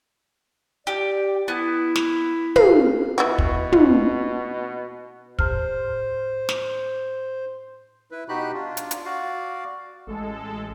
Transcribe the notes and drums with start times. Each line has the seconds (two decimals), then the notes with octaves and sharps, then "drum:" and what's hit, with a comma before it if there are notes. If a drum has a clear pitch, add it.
0.87 G4 D5
1.48 B3 E4
1.96 drum: snare
2.56 F5, drum: tom
3.18 B2 B3 E4 F#4
3.38 drum: kick
3.72 drum: tom
5.39 A2 C5 F6, drum: kick
6.49 drum: snare
8.11 E4 B4
8.29 B2 D#4 F#4 G4 B5 F#6
8.54 D4 F4
8.77 drum: hi-hat
8.91 drum: hi-hat
9.05 F#4 D5 F5
10.07 A1 G#3 A4